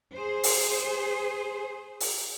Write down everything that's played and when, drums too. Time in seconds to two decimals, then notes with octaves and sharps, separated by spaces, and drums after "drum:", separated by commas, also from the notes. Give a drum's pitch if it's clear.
0.15 G#4 C5
0.43 drum: open hi-hat
2.00 drum: open hi-hat